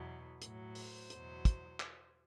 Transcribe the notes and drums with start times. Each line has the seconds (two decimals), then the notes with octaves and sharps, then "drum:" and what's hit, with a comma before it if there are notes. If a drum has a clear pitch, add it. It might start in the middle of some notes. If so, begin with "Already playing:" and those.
Already playing: E2 B2 F#3
0.42 A2 F#3, drum: hi-hat
0.75 C5, drum: open hi-hat
1.10 E2 B2 F#3, drum: hi-hat
1.45 drum: kick, hi-hat
1.80 drum: clap